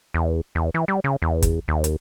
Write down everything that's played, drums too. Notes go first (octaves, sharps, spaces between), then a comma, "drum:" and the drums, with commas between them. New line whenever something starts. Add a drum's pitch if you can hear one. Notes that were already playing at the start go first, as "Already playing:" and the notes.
E2
E2
E3
G3
C#3
E2
drum: kick, hi-hat
D#2
drum: hi-hat